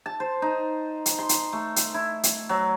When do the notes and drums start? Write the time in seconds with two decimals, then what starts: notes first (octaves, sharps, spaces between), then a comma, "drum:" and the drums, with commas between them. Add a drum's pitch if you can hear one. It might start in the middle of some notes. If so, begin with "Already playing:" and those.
0.06 A5
0.20 C5
0.42 D#4
1.06 drum: hi-hat
1.19 C6
1.29 drum: hi-hat
1.53 A3
1.76 drum: hi-hat
1.94 E4
2.23 drum: hi-hat
2.49 F#3